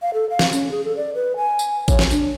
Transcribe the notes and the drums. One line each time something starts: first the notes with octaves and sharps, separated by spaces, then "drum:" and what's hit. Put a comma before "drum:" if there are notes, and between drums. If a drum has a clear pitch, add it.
F5
A4
F5
drum: snare
C#4, drum: tambourine
G#4
A4
D5
B4
G#5
drum: tambourine
C#5, drum: kick A1, tambourine
drum: snare
D4, drum: tambourine